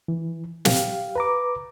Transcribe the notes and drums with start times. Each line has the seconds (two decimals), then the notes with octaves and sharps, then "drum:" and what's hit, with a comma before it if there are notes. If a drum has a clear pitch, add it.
0.08 E3
0.65 G4 F5, drum: snare
1.16 B4 A#5 D6